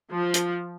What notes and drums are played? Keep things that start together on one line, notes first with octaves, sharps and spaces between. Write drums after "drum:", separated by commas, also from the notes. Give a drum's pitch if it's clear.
F3
drum: hi-hat